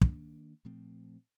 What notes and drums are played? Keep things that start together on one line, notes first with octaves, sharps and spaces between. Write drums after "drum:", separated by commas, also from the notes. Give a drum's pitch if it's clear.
D#3 A#3 D4, drum: kick
A#2 F3 A3 C4